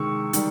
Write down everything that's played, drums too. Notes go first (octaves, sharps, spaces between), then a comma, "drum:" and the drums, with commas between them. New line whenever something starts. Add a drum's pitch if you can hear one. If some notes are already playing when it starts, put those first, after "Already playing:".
Already playing: C3 D#3 G#3 C#6 E6
D#3 G3, drum: hi-hat